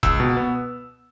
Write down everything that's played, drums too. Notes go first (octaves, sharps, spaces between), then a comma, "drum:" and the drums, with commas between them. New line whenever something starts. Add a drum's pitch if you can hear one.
C#2 E6, drum: kick F1
B2
B3